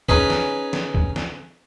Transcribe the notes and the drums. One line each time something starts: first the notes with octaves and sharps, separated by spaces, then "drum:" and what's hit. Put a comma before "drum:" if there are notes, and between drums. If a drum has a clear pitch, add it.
C#4 D#4 G#4 B4, drum: kick
drum: snare
drum: snare
drum: kick
drum: snare